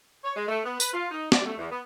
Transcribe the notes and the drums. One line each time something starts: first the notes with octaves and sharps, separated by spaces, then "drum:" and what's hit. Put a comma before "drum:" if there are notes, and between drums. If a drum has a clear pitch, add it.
C#5
G#3
A3
B3
B4, drum: tambourine
F4
D#4
D5, drum: snare
A3
E2
B3